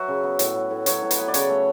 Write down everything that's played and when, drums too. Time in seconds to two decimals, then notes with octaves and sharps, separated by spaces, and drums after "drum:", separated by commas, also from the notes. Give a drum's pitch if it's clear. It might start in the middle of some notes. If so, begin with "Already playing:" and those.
Already playing: F#3 F#4 B4 E5
0.08 C#3
0.24 B3
0.39 A2, drum: hi-hat
0.55 B3
0.71 A2
0.86 F#3 C#5, drum: hi-hat
1.02 A2
1.11 B4, drum: hi-hat
1.18 B3
1.28 D5
1.34 C#3 C#5, drum: hi-hat
1.49 A3